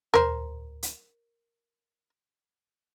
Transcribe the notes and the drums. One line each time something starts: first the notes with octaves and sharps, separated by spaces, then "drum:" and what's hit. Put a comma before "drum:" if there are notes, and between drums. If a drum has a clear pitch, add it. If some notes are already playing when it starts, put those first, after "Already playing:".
A#4 C5, drum: tom D#2
drum: hi-hat